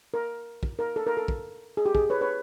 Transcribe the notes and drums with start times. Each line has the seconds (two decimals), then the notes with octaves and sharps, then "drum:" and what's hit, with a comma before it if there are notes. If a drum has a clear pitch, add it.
0.14 A#4
0.63 drum: kick
0.79 A#4
0.96 A4
1.07 A#4
1.17 A4
1.28 drum: kick
1.77 G#4
1.86 G4
1.95 G#4, drum: kick
2.10 B4 C#5
2.21 B4 C#5